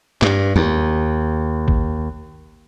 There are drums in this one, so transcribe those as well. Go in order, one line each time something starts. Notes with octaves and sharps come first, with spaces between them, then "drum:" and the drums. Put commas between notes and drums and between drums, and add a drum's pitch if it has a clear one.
G2, drum: clap
D#2
drum: kick A1